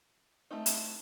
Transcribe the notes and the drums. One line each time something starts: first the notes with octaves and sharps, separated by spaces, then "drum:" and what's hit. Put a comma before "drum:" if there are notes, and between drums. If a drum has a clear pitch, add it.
A3 C4 D#4
drum: hi-hat